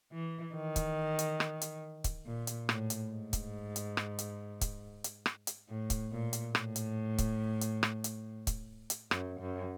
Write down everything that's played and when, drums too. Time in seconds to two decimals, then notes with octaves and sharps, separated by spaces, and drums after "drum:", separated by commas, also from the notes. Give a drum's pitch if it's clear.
0.12 E3
0.55 D#3
0.76 drum: kick, hi-hat
1.19 drum: hi-hat
1.40 drum: rim click
1.61 drum: hi-hat
2.04 drum: kick, hi-hat
2.26 A#2
2.47 drum: hi-hat
2.69 A2, drum: rim click
2.90 drum: hi-hat
3.11 G#2
3.33 drum: kick, hi-hat
3.76 drum: hi-hat
3.97 drum: rim click
4.19 drum: hi-hat
4.61 drum: kick, hi-hat
5.04 drum: hi-hat
5.26 drum: rim click
5.47 drum: hi-hat
5.69 A2
5.90 drum: kick, hi-hat
6.12 A#2
6.33 drum: hi-hat
6.55 A2, drum: rim click
6.76 drum: hi-hat
7.18 drum: kick, hi-hat
7.61 drum: hi-hat
7.83 drum: rim click
8.04 drum: hi-hat
8.47 drum: kick, hi-hat
8.90 drum: hi-hat
9.11 F#2, drum: rim click
9.40 F#2